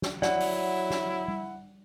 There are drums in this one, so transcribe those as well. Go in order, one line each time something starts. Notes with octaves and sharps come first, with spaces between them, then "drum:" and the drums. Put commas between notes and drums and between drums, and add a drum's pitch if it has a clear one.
drum: snare
F#3 E4 D5 F#5, drum: snare
drum: open hi-hat
drum: snare
drum: tom G3